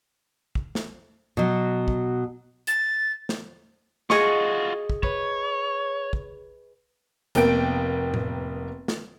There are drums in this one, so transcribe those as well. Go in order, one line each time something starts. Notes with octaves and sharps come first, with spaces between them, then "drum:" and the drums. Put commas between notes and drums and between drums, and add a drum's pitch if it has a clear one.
drum: kick
drum: snare
B2 F#3
drum: kick
A6, drum: hi-hat
drum: snare
F4 F#4 G#4 D#5 C#6, drum: snare
drum: kick
B4 C#5, drum: kick
drum: kick
F1 A#3 B3 A#4 G5 D7, drum: hi-hat
drum: tom A2
drum: snare